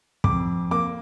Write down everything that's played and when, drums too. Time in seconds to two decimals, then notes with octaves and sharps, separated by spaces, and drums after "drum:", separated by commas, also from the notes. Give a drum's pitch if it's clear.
0.24 F2 D6, drum: kick
0.71 A#3 D6